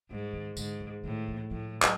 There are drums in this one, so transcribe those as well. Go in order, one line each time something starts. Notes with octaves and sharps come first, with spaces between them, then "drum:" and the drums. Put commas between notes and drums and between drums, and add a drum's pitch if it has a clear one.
G#2 G3
D#3
G#2 D3, drum: tambourine
D#3
A2 D#3
E3
A2 F3
F#3, drum: clap